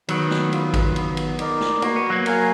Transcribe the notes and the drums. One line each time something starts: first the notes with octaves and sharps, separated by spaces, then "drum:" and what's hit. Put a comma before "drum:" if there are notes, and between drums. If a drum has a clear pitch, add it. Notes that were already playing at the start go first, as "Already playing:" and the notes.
D#3 F#3 B3, drum: cymbal
drum: snare
F4 B4, drum: cymbal
drum: kick G#1, cymbal
B3, drum: cymbal
drum: cymbal
D#4 A#4 D5, drum: cymbal
drum: snare
A#3 F#4, drum: cymbal
B3
F#3 A#3
A#4 F5 G#5, drum: cymbal